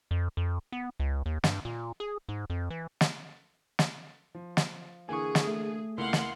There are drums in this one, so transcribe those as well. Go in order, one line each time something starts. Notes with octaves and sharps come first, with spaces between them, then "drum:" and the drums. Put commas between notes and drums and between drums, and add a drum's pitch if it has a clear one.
F2
F2
B3
C#2
D#2
G2, drum: snare
A#2
G#4
G#2
F2
E3
drum: snare
drum: snare
F3
drum: snare
D3 E3 A#3 G#4 G#5 C#6
drum: snare
A3
C#2 A#3 E4 F5 F#5 C6
drum: snare